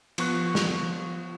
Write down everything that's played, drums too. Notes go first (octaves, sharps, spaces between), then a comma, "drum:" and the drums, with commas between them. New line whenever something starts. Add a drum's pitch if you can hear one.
F3 B3 C#6 F#6, drum: cymbal
drum: snare